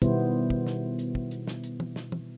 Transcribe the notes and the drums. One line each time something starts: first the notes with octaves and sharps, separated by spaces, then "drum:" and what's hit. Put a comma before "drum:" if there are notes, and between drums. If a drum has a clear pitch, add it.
B2 D#3 G3 B3 E4 C5, drum: kick, hi-hat
drum: kick
drum: snare
drum: hi-hat
drum: kick
drum: hi-hat
drum: snare
drum: hi-hat
drum: tom
drum: snare
drum: tom